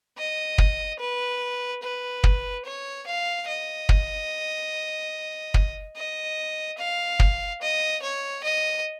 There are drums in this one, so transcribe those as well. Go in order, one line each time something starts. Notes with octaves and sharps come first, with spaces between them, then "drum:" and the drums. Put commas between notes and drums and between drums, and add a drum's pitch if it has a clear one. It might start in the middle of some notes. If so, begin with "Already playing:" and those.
D#5
drum: kick
B4
B4
drum: kick
C#5
F5
D#5
drum: kick
drum: kick
D#5
F5
drum: kick
D#5
C#5
D#5